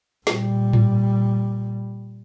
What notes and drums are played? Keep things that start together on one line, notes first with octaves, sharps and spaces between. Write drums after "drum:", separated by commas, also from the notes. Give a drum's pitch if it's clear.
A#2 G3, drum: snare
drum: tom G#2